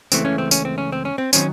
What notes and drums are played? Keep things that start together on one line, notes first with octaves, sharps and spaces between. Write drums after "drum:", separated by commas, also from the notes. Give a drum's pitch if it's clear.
C#2 C#3 E3 A3 C4, drum: tambourine
C#4
C4
C#4, drum: tambourine
C4
C#4
C4
C#4
C4
D#3 F#3 C4 C#4, drum: tambourine